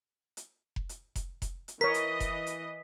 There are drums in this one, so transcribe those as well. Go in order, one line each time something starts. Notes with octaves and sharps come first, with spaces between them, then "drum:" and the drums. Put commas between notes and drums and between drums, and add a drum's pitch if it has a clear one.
drum: hi-hat
drum: kick F1
drum: hi-hat
drum: kick F1, hi-hat
drum: kick F1, hi-hat
drum: hi-hat
E3 A#4 C#5 D#5 B6
drum: hi-hat
drum: kick F1, hi-hat
drum: hi-hat